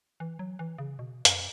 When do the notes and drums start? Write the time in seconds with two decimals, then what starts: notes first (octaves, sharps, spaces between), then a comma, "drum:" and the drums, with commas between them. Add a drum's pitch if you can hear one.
0.20 E3
0.39 F#3
0.59 E3
0.78 C#3
0.99 B2
1.25 F#2, drum: hi-hat